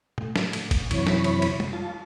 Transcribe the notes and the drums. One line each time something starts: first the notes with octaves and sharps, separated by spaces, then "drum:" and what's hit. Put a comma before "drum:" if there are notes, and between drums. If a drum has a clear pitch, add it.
A2, drum: tom B2
drum: snare
drum: cymbal
drum: kick, cymbal
F#2 C3 E3 C#5 B5, drum: cymbal
drum: snare
drum: cymbal
drum: cymbal
drum: tom
F4 A5